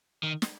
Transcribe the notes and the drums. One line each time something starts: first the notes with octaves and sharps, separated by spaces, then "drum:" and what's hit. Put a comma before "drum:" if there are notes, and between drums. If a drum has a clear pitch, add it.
D#3
drum: snare